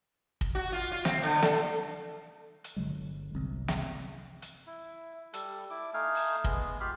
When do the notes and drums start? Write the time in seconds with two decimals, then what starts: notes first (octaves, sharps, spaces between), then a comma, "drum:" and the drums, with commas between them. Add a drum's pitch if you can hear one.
0.41 drum: kick
0.55 F#4
0.72 F4
0.92 F4
1.05 C4, drum: snare
1.23 D3
1.42 A4, drum: snare
2.64 drum: hi-hat
2.76 G1 D3 F#3 G#3
3.34 G1 C2 C4
3.68 drum: snare
4.42 drum: hi-hat
4.67 E4
5.34 G3 A4, drum: hi-hat
5.70 E4 D6
5.94 A3 D#4 F5 G#5
6.15 drum: open hi-hat
6.44 G#3 B3 G#4, drum: kick
6.80 F4 G4 F5 B5